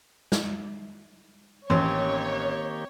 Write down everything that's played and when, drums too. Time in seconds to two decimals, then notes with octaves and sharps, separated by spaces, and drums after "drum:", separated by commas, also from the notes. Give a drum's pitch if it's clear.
0.32 drum: snare
1.70 A1 D#3 A#3 C4 C#4 G4 C#5, drum: tom E3